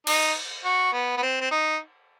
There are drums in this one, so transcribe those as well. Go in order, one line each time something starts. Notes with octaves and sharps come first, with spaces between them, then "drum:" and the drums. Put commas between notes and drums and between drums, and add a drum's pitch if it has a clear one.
D#4, drum: cymbal
F#4
B3
B3
C4
C4
D#4